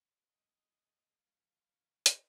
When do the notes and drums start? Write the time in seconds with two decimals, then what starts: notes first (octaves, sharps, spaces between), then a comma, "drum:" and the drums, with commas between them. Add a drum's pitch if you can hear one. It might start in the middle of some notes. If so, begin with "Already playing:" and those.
0.30 G#2 D#3 F#3 C4 D#5
0.75 F#2 D#3 A#3 C#4 G#4
1.20 F3 G#3 D#4 F#4 F5
1.66 D#3 F#3 C#4 G#4 C#5
2.06 drum: hi-hat